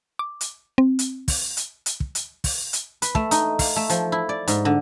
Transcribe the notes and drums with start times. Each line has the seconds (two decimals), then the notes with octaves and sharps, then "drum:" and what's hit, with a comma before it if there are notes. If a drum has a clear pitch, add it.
0.19 D6
0.41 drum: hi-hat
0.78 C4
0.99 drum: hi-hat
1.28 drum: kick, open hi-hat
1.57 drum: hi-hat
1.86 drum: hi-hat
2.00 drum: kick
2.15 drum: hi-hat
2.44 drum: kick, open hi-hat
2.73 drum: hi-hat
3.02 B4, drum: hi-hat
3.15 A3, drum: kick
3.31 D#4, drum: hi-hat
3.59 F5, drum: kick, open hi-hat
3.76 A3
3.90 F3, drum: hi-hat
4.12 E4
4.29 D5
4.48 G#2, drum: hi-hat
4.65 D3